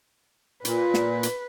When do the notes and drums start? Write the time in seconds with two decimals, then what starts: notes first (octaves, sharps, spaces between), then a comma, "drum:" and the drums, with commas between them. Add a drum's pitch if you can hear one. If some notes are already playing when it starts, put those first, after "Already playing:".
0.65 A#2 B4, drum: hi-hat
0.94 drum: snare
1.23 drum: hi-hat